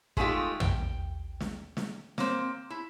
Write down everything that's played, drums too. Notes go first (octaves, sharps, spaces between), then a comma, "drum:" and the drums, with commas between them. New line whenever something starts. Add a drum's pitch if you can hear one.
G#3 A3 B3 D#4 F4 G4, drum: kick
G5, drum: tom
drum: snare
drum: snare
A#3 C4, drum: snare
E4